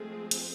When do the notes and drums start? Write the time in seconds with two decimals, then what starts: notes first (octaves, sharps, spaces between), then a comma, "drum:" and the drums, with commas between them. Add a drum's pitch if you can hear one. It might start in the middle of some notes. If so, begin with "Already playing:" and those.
Already playing: F3 G#3 A3 C4 G#4
0.31 drum: hi-hat